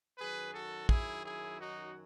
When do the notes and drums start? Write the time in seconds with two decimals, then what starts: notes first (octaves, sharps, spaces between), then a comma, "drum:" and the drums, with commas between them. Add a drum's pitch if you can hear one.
0.18 F#2 D#3 F#3 G#4 B4
0.54 F#4 A4
0.89 E4 G#4, drum: kick
1.25 E4 G#4
1.60 D#4 F#4